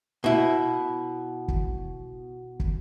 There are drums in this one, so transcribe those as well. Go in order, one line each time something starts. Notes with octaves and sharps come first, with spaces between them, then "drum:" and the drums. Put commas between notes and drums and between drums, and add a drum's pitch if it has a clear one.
B2 E4
drum: kick
drum: kick